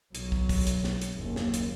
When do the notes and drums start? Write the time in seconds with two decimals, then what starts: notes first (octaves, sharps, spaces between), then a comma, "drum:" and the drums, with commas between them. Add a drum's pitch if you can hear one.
0.15 B1 F#3, drum: hi-hat
0.32 drum: kick
0.49 drum: kick, open hi-hat
0.67 drum: hi-hat
0.84 drum: snare
1.02 drum: hi-hat
1.16 F#1 D#2
1.36 drum: snare
1.54 drum: hi-hat